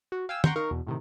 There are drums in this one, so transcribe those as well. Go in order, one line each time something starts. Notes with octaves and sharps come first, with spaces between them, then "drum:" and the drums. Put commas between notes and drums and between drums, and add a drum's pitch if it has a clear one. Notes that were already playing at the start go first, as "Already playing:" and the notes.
F#4
F5 G5 G#5 E6
F#5 G5 A#5 C6 C#6 G6, drum: tom
D#4 A#4 F5 C#6
E2 B2
A2 C3 D#3